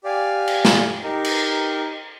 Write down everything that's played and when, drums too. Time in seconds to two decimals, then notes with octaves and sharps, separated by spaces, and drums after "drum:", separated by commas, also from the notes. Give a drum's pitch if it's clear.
0.04 G4 D5 F5 G#5
0.47 drum: cymbal
0.65 drum: snare
1.03 D#4 G4 A#4
1.24 drum: cymbal